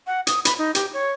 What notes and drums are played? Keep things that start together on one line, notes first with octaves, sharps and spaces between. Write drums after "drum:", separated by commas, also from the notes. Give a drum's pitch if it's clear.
F#5
D#6, drum: hi-hat
B5, drum: hi-hat
D#4
G4, drum: hi-hat
C#5